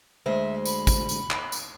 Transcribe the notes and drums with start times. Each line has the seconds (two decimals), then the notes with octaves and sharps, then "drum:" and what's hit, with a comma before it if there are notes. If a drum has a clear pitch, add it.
0.26 D2 G#3 C5 E5
0.65 B5, drum: tambourine
0.87 drum: kick, tambourine
1.09 drum: tambourine
1.30 drum: clap
1.52 drum: tambourine